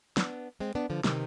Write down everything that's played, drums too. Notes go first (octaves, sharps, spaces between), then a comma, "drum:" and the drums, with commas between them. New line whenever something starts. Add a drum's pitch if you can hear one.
B3 D4, drum: snare
G#3 C4
B3 D4
D3 F3
C3 D#3, drum: snare